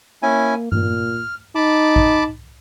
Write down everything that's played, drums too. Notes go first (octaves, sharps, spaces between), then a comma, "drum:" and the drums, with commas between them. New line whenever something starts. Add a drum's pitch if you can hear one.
A#3 C#4 E4 G#5
A#2 F6, drum: tom G2
D#4 A5 B5 D6
drum: kick A1